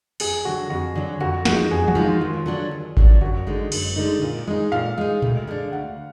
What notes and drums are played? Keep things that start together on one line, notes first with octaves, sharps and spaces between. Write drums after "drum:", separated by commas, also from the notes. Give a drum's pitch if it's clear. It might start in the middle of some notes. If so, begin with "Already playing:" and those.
F2 G#4, drum: open hi-hat
D3 F#3 F#4
F2 F#4
D3 F#3
F2 F#4
F3 G#3 D#4 F#4, drum: snare
F2 G#4
F#4, drum: tom
F3 G#3 D#4
F4
D#2 F4
D3 F#3 D4 F#4
D#2
D3 F#3 D4 F#4, drum: kick G#1
F#2 F#4
D3 G#3 D#4
F#2, drum: cymbal
D3 G#3 D#4
A#2
G#3 D#4
A#2 F5
G#3 D#4
D2, drum: tom A#2
D3 G#3 D4
D2 F#5